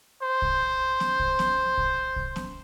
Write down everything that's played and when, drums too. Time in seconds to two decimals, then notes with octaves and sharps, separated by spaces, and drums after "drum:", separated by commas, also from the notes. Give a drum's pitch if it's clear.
0.22 C5
0.42 drum: kick
1.00 drum: snare
1.19 drum: kick
1.39 drum: snare
1.78 drum: kick
2.16 drum: kick
2.36 drum: snare